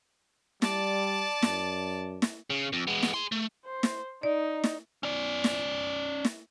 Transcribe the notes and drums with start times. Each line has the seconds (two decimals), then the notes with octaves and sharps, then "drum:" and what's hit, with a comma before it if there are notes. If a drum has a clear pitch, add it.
0.62 G3 D5 A5, drum: snare
1.42 F#2, drum: snare
2.22 drum: snare
2.50 C#3
2.73 F2
2.87 G#3 B3
3.03 drum: snare
3.14 G#4 C6
3.32 A3
3.65 C5
3.83 drum: snare
4.23 D#4 D5
4.64 drum: snare
5.03 C#4 D5
5.44 drum: snare
6.25 drum: snare